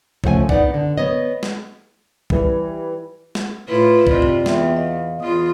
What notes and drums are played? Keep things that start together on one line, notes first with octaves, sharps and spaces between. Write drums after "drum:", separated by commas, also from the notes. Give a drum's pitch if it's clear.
C#3 F3 A3 F#5 G#5, drum: kick
B3 D#4 B4 D5 F#5, drum: kick
D3
B3 C#5 D#5
drum: snare
E3 G3, drum: kick
drum: snare
A2 E4 F4 B4
C3 F4 D5 D#5, drum: kick
drum: tom F#2
E2 B3 E5 G5, drum: snare
D#5 F5
E2 F4 D#6